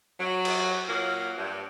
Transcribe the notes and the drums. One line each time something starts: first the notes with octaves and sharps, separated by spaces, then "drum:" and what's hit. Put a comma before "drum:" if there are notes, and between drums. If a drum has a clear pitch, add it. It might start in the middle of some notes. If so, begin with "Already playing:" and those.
F#3
drum: cymbal
A#2 F#3 A#3
G2